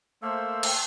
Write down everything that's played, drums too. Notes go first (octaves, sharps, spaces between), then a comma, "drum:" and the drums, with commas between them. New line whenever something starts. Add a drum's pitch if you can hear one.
A3 A#3 C5 E6
drum: cymbal